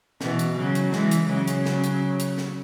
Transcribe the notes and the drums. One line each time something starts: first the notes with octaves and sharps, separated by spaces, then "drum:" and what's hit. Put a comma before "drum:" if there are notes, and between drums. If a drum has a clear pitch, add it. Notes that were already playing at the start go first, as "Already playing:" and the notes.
B2 E3, drum: snare
drum: hi-hat
C#3 F#3
drum: hi-hat
E3 G#3, drum: snare
drum: hi-hat
C#3 F#3
drum: hi-hat
drum: snare
drum: hi-hat
drum: hi-hat
drum: snare